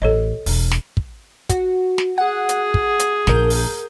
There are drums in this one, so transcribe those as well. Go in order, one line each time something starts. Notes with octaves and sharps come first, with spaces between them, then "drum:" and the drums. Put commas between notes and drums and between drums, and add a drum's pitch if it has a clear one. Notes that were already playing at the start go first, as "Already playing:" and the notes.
A1 A4 C#5 D#5
E1, drum: open hi-hat
drum: snare
drum: kick
F#4, drum: kick, hi-hat
drum: snare
G#4 F#5
drum: hi-hat
drum: kick
drum: hi-hat
A#1 A#4 G6, drum: snare
drum: open hi-hat